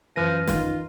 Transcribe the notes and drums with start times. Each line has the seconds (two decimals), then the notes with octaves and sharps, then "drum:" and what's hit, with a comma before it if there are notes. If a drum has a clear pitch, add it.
0.16 F#2 E3 F3 B4 F6 A#6 D#7
0.47 D#3 F4, drum: snare